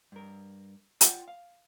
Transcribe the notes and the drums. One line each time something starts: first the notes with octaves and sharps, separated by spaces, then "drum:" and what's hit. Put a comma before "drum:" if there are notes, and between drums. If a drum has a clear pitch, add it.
G2 A#4
F4 D5 F#5 G5, drum: hi-hat
F5